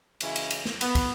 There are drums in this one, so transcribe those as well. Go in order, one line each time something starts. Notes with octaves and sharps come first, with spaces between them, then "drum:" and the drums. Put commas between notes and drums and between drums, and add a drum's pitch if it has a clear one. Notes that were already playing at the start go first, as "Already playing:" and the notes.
F#2 C#3 E3 G#3 C#4 E4, drum: cymbal
drum: cymbal
drum: cymbal
drum: snare
B3, drum: cymbal
drum: kick, cymbal